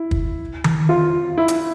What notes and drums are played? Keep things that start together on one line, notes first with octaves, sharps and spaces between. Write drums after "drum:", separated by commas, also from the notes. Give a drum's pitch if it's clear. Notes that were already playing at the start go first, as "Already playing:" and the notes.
Already playing: E4
drum: kick
drum: tom D#3
F4
E4
drum: hi-hat